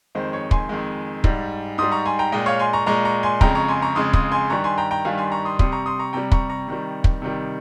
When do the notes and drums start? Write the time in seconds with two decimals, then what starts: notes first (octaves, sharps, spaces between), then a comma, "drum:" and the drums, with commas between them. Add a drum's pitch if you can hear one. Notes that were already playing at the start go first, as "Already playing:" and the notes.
0.15 F2 D#3 G#3 C5
0.33 C#5
0.51 G#5 C6, drum: kick
0.69 F2 D#3 G#3
1.24 G#2 G3, drum: kick
1.78 G#2 G3 C6 D#6
1.91 A#5 C#6
2.05 G#5 C6
2.19 G5 A#5
2.32 A#2 G#3 D#5 G5
2.46 C#5 F5
2.59 G#5 C6
2.73 A#5 C#6
2.86 A#2 G#3 A#5 C#6
3.05 A#5 C#6
3.23 G#5 C6
3.41 F2 C#3 G#3 G5 A#5, drum: kick
3.55 A#5 C#6
3.68 G#5 C6
3.82 A#5 C#6
3.95 F2 C#3 G#3 C6 D#6
4.13 C6 D#6, drum: kick
4.32 G#5 C6
4.50 G2 D#3 G3 A#5 C#6
4.64 G#5 C6
4.78 G5 A#5
4.91 G5 A#5
5.05 G2 D#3 G3 F5 G#5
5.18 G#5 C6
5.32 A#5 C#6
5.45 C6 D#6
5.59 C3 G3 C6 D#6, drum: kick
5.72 A#5 C#6
5.86 C6 D#6
5.99 A#5 C#6
6.13 C3 G3 G5 A#5
6.32 A#5 C#6, drum: kick
6.50 A#5 C#6
6.68 C3 D#3 G3
7.04 drum: kick
7.22 C3 D#3 G3